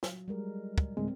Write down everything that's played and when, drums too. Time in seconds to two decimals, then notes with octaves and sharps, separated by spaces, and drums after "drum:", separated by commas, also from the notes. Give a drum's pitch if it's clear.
0.03 F#3, drum: snare
0.28 G3 G#3 A#4
0.78 drum: kick
0.97 D2 A2 G#3 C4